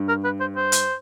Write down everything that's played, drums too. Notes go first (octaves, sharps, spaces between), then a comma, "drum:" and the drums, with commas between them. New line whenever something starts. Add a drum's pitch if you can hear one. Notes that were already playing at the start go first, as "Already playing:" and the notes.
Already playing: G2
A#4
B4
C5
C5
drum: hi-hat